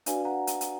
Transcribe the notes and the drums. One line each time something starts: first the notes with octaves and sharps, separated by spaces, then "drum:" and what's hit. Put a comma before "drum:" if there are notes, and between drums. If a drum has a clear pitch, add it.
D4 F#4 B4 D5 F5 G#5, drum: hi-hat
F#5 A#5
drum: hi-hat
drum: hi-hat